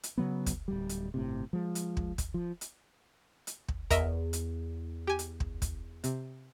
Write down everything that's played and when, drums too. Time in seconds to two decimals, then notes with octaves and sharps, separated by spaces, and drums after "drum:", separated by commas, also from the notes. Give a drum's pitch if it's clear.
0.03 drum: hi-hat
0.18 C#3 F#3 B3
0.46 drum: kick, hi-hat
0.68 D1 G3
0.89 drum: hi-hat
1.14 G1 A2 C3
1.53 F3 G#3
1.75 drum: hi-hat
1.97 drum: kick
2.18 drum: kick, hi-hat
2.34 F3
2.61 drum: hi-hat
3.47 drum: hi-hat
3.68 drum: kick
3.90 E2 A#4 D#5 E5, drum: kick, hi-hat
4.33 drum: hi-hat
5.07 G4 G#5
5.19 drum: hi-hat
5.40 drum: kick
5.62 drum: kick, hi-hat
6.04 C3, drum: hi-hat